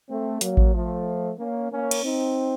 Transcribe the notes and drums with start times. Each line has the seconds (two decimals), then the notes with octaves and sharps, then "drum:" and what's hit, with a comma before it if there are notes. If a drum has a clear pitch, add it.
0.09 A3 C4
0.41 F#3 A#3, drum: hi-hat
0.57 drum: kick A1
0.73 F3 A3
1.38 A#3 C#4
1.71 A#3 C#4
1.91 drum: cymbal
2.03 C4 D#4